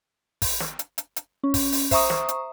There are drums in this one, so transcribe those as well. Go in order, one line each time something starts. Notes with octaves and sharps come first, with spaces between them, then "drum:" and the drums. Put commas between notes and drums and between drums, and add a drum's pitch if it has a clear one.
drum: kick, open hi-hat
drum: snare
drum: hi-hat
drum: hi-hat
drum: hi-hat
C#4
drum: kick, open hi-hat
drum: open hi-hat
C5 E5 A#5 C#6 D#6, drum: kick, open hi-hat
drum: snare
drum: hi-hat